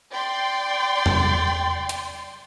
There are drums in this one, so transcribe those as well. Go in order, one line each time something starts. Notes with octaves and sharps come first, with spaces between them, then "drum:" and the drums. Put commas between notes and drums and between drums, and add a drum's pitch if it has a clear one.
D5 G5 C6
drum: tom E2
drum: hi-hat